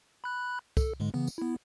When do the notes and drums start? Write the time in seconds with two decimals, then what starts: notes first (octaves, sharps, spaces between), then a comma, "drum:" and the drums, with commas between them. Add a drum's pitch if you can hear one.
0.24 B5 F#6
0.77 A4, drum: kick, tambourine
1.00 G#2 D3 G#3
1.14 C#3 E3 B3
1.27 drum: tambourine
1.38 B3 E4